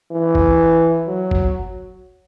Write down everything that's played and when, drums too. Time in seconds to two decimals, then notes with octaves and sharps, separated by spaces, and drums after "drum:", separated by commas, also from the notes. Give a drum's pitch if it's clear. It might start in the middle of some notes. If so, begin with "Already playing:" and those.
0.11 E3
0.35 drum: kick F#1
1.07 F#3
1.31 drum: kick F#1